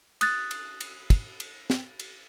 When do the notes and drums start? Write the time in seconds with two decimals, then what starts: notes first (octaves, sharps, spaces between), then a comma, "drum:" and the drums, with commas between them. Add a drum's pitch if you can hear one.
0.21 D#6 F#6 A6, drum: cymbal
0.51 drum: cymbal
0.80 drum: cymbal
1.10 drum: kick, cymbal
1.40 drum: cymbal
1.70 drum: snare
1.99 drum: cymbal